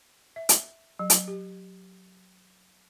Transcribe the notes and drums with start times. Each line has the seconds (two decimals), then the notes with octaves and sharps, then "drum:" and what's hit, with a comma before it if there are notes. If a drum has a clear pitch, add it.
0.36 E5
0.49 drum: hi-hat
0.99 F#3
1.10 drum: hi-hat
1.28 G4